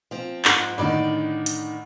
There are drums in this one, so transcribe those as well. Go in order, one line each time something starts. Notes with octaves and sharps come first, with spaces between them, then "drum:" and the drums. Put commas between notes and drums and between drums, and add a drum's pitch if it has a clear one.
F3 C4
G#2, drum: clap
A2 D3 D#3 D4 D#4 D5
drum: hi-hat